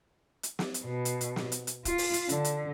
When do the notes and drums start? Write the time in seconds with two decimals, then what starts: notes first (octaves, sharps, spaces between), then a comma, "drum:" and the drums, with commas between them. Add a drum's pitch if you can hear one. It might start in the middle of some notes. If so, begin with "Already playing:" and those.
0.43 drum: hi-hat
0.59 drum: snare
0.74 drum: hi-hat
0.84 B2
1.05 drum: hi-hat
1.21 drum: hi-hat
1.36 drum: snare
1.52 drum: hi-hat
1.67 drum: hi-hat
1.85 F4, drum: kick, hi-hat
1.98 drum: open hi-hat
2.14 drum: hi-hat
2.29 D3, drum: hi-hat
2.44 drum: hi-hat